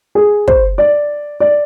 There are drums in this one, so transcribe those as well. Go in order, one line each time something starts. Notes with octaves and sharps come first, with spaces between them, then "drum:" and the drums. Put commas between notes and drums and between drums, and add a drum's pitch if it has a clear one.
G#4
C5, drum: kick
D5
D5